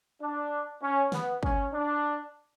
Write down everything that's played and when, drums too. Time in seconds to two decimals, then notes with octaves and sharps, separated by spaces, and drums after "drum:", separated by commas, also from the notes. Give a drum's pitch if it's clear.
0.21 D4
0.82 C#4
1.12 B3, drum: snare
1.43 C#4, drum: kick
1.73 D4